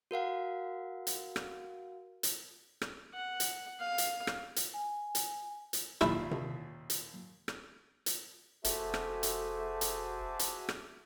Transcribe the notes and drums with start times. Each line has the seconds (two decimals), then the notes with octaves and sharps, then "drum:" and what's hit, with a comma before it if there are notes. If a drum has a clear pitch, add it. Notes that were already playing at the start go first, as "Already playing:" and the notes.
0.11 F#4 A#4 F5 F#5
1.07 drum: hi-hat
1.36 drum: rim click
2.23 drum: hi-hat
2.82 drum: rim click
3.14 F#5
3.40 drum: hi-hat
3.80 F5
3.98 drum: hi-hat
4.27 drum: rim click
4.56 drum: hi-hat
4.74 G#5
5.15 drum: hi-hat
5.73 drum: hi-hat
6.01 D#2 A#2 E4, drum: rim click
6.31 drum: tom C3
6.90 drum: hi-hat
7.48 drum: rim click
8.06 drum: hi-hat
8.65 F1 A3 F#4 G#4 C5 E5 A5 D6, drum: hi-hat
8.94 drum: rim click
9.23 drum: hi-hat
9.81 drum: hi-hat
10.39 drum: hi-hat
10.69 drum: rim click